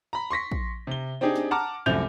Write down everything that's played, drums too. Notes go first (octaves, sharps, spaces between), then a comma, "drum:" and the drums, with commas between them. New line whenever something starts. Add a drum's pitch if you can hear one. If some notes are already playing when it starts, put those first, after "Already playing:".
A#5 B5
C6 C#6 A#6 B6
drum: kick A#1
C3 G7
C4 D4 D#4 G4 G#4
drum: snare
F#5 A5 A#5 D6 F6
C2 F#2 F3 A3 G6 F7